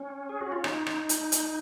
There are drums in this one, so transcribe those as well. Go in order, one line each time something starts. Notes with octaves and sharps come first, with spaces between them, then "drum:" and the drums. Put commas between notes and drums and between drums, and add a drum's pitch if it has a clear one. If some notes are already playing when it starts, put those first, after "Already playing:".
Already playing: C#4
G#4
F#4
F4
D#4, drum: rim click
drum: rim click
drum: hi-hat
drum: hi-hat